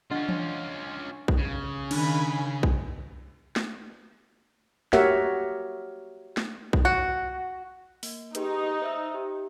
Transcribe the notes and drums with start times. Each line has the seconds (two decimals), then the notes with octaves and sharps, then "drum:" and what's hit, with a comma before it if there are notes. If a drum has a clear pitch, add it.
0.11 C#4 D4 F4 D#5 F#5
0.29 drum: tom E3
1.28 drum: kick B1
1.38 C#3
1.91 D#3 D4 G#5 B5, drum: cymbal
2.63 drum: kick B1
3.56 drum: snare
4.93 F#4 G4 A#4 C#5 E5 F#5, drum: snare
6.37 drum: snare
6.73 drum: kick B1
6.85 F#4
8.03 A#3, drum: open hi-hat
8.35 D#4 G4 G#4 B4, drum: hi-hat
8.82 C5 E5 E6
9.14 G4